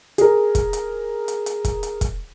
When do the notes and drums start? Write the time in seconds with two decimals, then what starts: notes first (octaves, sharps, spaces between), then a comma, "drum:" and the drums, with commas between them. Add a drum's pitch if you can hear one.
0.18 G#4 A#4, drum: hi-hat
0.55 drum: kick, hi-hat
0.73 drum: hi-hat
1.28 drum: hi-hat
1.46 drum: hi-hat
1.65 drum: kick, hi-hat
1.83 drum: hi-hat
2.01 drum: kick, hi-hat